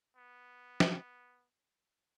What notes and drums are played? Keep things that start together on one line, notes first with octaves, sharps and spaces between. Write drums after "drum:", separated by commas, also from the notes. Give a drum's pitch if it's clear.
B3
drum: snare